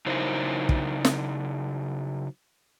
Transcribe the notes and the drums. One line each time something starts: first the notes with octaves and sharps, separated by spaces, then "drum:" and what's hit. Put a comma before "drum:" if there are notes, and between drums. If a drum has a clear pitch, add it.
C#3 F#3 D#4 E4 A#4 C5
drum: kick
drum: snare